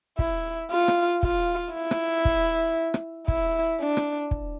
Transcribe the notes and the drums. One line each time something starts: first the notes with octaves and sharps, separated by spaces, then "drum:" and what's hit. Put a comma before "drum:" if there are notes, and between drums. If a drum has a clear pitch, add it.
E4, drum: kick
F4
drum: rim click
F4, drum: kick
E4
drum: rim click
drum: kick
drum: rim click
E4, drum: kick
D4
drum: rim click
drum: kick